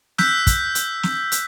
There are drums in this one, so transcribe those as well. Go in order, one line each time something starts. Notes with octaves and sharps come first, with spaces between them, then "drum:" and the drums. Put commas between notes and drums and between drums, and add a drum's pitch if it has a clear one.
E6 F#6 G6 B6, drum: snare
drum: kick, hi-hat
drum: hi-hat
drum: snare
drum: hi-hat